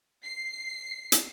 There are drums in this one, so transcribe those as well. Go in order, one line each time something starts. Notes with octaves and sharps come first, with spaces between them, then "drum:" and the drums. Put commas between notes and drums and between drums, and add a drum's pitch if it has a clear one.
C7
drum: hi-hat